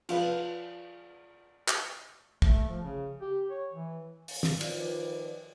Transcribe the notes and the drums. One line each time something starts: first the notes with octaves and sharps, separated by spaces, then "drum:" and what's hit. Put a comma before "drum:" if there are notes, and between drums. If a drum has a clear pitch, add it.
F3 F4 B4, drum: cymbal
drum: clap
A3, drum: kick
F3
C#3
G4
C#5
E3
drum: open hi-hat
drum: snare
D#3 F3 F4 B4 D5, drum: cymbal